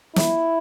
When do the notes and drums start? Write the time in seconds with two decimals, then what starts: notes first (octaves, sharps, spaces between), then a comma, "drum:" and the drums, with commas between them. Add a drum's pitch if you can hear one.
0.16 E4, drum: snare